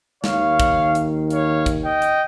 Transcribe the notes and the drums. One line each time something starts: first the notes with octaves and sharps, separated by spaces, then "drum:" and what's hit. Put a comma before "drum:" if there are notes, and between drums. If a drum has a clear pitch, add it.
D#2 D#3 C#5 F5, drum: snare
drum: kick, hi-hat
drum: hi-hat
C#5 F5, drum: hi-hat
drum: kick, hi-hat
D#5 G5
drum: hi-hat